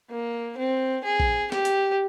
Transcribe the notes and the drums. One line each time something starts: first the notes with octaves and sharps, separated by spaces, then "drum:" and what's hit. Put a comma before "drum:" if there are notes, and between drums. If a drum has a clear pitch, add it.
A#3
C4
G#4
drum: kick A#1
G4, drum: snare
drum: hi-hat